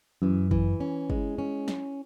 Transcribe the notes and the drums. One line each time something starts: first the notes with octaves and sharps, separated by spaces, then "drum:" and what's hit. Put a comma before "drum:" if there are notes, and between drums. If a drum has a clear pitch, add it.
F#2 E3
E3, drum: kick
C#4
G#3, drum: kick
C#4
drum: snare